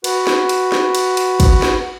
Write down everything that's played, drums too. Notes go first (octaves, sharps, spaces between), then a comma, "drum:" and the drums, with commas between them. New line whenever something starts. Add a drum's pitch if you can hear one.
F#4 B4, drum: cymbal
drum: snare
drum: cymbal
drum: snare
drum: cymbal
drum: cymbal
drum: kick, cymbal
drum: snare